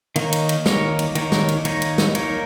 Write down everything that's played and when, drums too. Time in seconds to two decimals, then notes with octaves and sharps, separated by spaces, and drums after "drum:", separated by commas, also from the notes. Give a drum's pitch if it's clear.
0.16 D#3 A#3 D#4 A#4 C#5, drum: cymbal
0.33 drum: cymbal
0.49 drum: cymbal
0.66 D#3 A#3 D#4 A#4 C#5, drum: snare
0.99 drum: cymbal
1.15 D#3 A#3 D#4 A#4 C#5, drum: cymbal
1.32 drum: snare
1.49 drum: cymbal
1.65 D#3 A#3 D#4 A#4 C#5, drum: cymbal
1.82 drum: cymbal
1.98 drum: snare
2.15 A#3 D#4 A#4 C#5, drum: cymbal